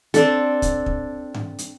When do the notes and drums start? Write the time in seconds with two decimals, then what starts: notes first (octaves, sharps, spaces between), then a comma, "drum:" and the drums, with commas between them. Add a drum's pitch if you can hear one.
0.14 C4 D4 A4, drum: hi-hat
0.62 drum: kick, hi-hat
0.86 drum: kick
1.34 drum: tom G#2
1.59 drum: hi-hat